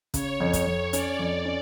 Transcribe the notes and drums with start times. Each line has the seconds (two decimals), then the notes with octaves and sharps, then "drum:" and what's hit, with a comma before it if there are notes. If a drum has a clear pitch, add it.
0.14 C#3 C#5, drum: kick, hi-hat
0.40 F2
0.53 drum: kick, hi-hat
0.67 F2
0.93 C#4 D5, drum: hi-hat
1.19 F2
1.45 C#4